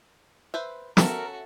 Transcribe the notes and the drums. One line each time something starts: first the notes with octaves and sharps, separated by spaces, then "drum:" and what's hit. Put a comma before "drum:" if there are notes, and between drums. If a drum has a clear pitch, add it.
B4 C5 E5
C#4 F#4 A4 A#4 E5, drum: snare